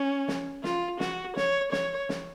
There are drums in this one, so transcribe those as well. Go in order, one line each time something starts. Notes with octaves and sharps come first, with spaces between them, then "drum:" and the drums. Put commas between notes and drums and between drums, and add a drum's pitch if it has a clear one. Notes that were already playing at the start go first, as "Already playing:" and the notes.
Already playing: C#4
drum: snare
F4, drum: snare
F#4, drum: snare
C#5, drum: snare
C#5, drum: snare
drum: snare